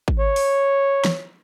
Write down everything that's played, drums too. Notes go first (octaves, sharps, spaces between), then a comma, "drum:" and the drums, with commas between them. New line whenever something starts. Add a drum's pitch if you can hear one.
drum: kick G#1
C#5
drum: open hi-hat
drum: snare